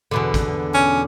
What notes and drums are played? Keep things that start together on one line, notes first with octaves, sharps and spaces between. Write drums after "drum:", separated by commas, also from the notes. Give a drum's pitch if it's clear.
E2 B2 D3
drum: kick, hi-hat
C#4